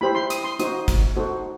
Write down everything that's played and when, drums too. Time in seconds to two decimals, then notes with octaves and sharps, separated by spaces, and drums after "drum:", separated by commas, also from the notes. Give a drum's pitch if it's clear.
0.01 E4 G4 C5 B5
0.15 C6
0.30 D#6, drum: hi-hat
0.44 C6
0.59 D#4 F#4 C5 D#6, drum: hi-hat
0.88 drum: kick, hi-hat
1.16 D#4 F#4 A4 C5